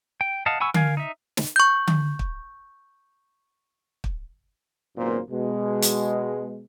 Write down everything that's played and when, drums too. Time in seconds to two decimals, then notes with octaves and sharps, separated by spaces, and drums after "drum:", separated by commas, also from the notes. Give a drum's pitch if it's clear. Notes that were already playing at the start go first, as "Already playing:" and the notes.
0.21 G5
0.46 D#5 F5 F#5 A5
0.60 F#5 G#5 B5 C#6 E6
0.74 A#4 F5 G#5, drum: tom D3
0.97 D#4 E5
1.37 drum: snare
1.56 C#6 G6
1.87 drum: tom D3
2.19 drum: kick
4.04 drum: kick
4.97 G#1 F#2 A#2 A#3 B3 C5
5.31 B2 G#3
5.82 drum: hi-hat